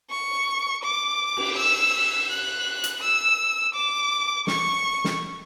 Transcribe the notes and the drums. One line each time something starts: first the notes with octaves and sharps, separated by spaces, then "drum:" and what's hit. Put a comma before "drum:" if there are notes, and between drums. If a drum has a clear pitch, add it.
C#6
D6
drum: cymbal
E6
F#6
drum: hi-hat
E6
D6
C#6, drum: snare
drum: snare